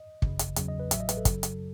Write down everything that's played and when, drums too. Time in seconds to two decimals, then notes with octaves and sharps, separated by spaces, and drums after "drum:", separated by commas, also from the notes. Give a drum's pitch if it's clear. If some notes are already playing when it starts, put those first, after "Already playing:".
Already playing: D#5
0.22 G#1 F#2 C#3, drum: kick
0.39 drum: hi-hat
0.56 E2 C#3 F#3, drum: hi-hat
0.68 D#5
0.80 B4
0.91 A1 A2 F#3 E5, drum: hi-hat
1.00 D#5
1.09 B4, drum: hi-hat
1.17 A4
1.25 F#2 C#3 F#3, drum: kick, hi-hat
1.43 drum: hi-hat